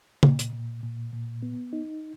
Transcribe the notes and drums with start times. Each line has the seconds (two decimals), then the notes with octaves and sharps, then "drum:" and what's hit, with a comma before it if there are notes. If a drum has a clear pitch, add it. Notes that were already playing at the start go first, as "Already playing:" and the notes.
0.23 A#2, drum: tom
0.39 drum: hi-hat
0.53 A#2
0.83 A#2
1.13 A#2
1.43 B3
1.73 D#4